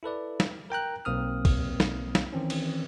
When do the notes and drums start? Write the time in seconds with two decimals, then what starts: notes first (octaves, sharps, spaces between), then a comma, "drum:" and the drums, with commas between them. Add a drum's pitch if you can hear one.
0.03 E4 A4 B4 D5
0.40 drum: snare
0.70 A#4 G5 A#5 F#6
1.05 B1 A#3 C4 D#6 F6
1.45 drum: kick A#1, cymbal
1.80 drum: snare
2.15 drum: snare
2.32 D#3 E3 C4 C#4
2.50 drum: cymbal